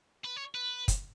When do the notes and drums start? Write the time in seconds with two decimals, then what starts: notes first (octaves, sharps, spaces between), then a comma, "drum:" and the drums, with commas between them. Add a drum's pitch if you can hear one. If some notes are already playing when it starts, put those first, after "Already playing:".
0.24 B4
0.36 C#5
0.55 B4
0.88 drum: kick, hi-hat